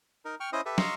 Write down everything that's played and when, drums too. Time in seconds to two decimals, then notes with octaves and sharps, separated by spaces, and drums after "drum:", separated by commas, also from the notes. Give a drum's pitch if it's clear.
0.25 D#4 A#4
0.40 G5 C#6 F6
0.53 C#4 E4 C5 D#5 D#6
0.66 G4 A4 B4 E5
0.78 D#5 F5 A#5 C6 C#6 E6, drum: snare